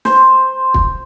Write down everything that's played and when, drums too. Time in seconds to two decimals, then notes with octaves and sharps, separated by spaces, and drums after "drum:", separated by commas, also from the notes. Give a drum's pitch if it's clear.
0.05 C5, drum: snare
0.74 drum: kick